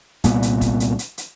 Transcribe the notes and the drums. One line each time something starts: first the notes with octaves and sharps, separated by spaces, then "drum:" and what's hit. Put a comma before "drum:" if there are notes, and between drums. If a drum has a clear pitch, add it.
C2 A#2 B3, drum: hi-hat
drum: hi-hat
drum: kick, hi-hat
drum: hi-hat
drum: hi-hat
drum: hi-hat